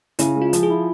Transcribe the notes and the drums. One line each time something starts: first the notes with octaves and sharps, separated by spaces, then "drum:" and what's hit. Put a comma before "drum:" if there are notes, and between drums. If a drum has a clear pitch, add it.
C#3 E4, drum: hi-hat
G#3
F4
F3, drum: hi-hat
G#4
E4